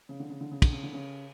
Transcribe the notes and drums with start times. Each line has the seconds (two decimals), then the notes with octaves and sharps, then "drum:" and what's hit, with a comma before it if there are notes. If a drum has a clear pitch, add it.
0.09 C#3
0.20 D3
0.30 C#3
0.41 D3
0.51 C#3
0.62 D3, drum: kick, cymbal
0.72 C#3
0.83 D3
0.93 C#3